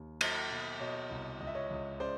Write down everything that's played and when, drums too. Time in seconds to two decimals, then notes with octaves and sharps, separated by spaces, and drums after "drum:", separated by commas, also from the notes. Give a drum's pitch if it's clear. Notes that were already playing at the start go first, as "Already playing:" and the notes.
Already playing: D#2
0.21 F#3, drum: cymbal
0.51 B2
0.80 B2 C#5 D#5
1.10 C2
1.40 C#2 D#5
1.47 E5
1.55 C#5 D#5
1.71 C#2
2.00 C#3 C5 D5